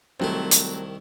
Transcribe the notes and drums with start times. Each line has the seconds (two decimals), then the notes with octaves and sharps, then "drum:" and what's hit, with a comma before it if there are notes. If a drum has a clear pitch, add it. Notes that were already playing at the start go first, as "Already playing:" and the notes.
0.20 C2 D#3 F#3 A3 C4 E4
0.51 drum: hi-hat